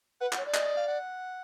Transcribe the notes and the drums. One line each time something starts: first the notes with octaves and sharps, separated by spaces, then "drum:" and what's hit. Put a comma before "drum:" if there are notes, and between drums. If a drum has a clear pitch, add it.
B4 F#5
F#5, drum: clap
C#5
D5
D#5, drum: clap
D#5
F5
F#5